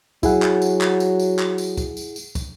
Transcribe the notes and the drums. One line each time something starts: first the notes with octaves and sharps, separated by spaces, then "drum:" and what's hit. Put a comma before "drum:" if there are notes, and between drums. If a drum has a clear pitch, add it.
F#3 E4 G#4 F#5, drum: kick, tambourine
drum: clap
drum: tambourine
drum: clap
drum: tambourine
drum: tambourine
drum: clap
drum: tambourine
drum: kick, tambourine
drum: tambourine
drum: tambourine
drum: kick, tambourine